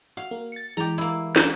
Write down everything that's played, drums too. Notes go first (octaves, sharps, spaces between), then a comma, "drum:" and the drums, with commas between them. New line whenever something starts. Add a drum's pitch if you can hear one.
F#4 F5
A#3
A6 C#7
E3 G#3 G4 A#5
A#3 E4
A#3, drum: snare